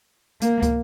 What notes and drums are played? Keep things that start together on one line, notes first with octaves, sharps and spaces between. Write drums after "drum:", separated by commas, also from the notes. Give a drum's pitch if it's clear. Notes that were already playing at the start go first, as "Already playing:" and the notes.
A#3, drum: hi-hat
drum: kick, hi-hat